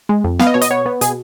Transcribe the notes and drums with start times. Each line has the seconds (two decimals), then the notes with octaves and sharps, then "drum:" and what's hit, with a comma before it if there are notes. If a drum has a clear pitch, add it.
0.09 G#3
0.24 F2
0.39 B3 F5, drum: snare
0.47 D#5
0.54 B2 C#5
0.62 D#5, drum: hi-hat
0.70 B3 C#5
0.86 B3
1.01 B2 G#4, drum: hi-hat